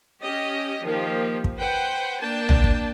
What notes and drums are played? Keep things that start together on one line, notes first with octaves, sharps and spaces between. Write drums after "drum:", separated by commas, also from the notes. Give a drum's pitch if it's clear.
C#4 G4 D#5
D#3 F3 A#3 G4
drum: kick
B4 C5 F#5 G5
A#3 D4 G5 A5
drum: tom
drum: kick